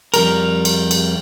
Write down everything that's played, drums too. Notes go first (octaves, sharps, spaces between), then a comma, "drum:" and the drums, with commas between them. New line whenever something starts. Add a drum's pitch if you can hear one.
F2 G3 A#4, drum: cymbal
drum: cymbal
drum: cymbal